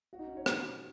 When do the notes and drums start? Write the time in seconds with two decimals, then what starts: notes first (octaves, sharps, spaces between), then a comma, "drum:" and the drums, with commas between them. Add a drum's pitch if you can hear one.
0.13 F#4
0.19 D#4
0.27 C#4
0.37 C#5
0.46 drum: rim click